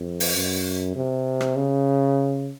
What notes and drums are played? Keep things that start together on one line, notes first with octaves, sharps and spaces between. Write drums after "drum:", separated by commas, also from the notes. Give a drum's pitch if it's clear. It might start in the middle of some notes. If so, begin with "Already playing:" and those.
Already playing: F2
drum: open hi-hat
F#2
C3
drum: rim click
C#3